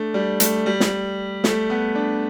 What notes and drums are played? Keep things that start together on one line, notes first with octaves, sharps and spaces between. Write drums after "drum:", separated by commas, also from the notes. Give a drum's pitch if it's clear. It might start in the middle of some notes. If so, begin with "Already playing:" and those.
Already playing: A3 D4
G3
A3, drum: hi-hat
G3
drum: snare
A3, drum: snare
B3
D4